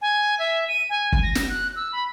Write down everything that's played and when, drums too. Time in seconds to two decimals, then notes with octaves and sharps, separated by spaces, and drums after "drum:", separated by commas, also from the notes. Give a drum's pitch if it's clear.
0.01 G#5
0.39 E5
0.68 D#7
0.90 G#5
1.12 drum: kick
1.23 A#6
1.35 drum: snare
1.49 F#6
1.76 E6
1.92 B5